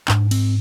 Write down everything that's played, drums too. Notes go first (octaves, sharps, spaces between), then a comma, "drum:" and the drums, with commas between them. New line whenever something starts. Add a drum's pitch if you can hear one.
G#2 D4, drum: clap
C4, drum: cymbal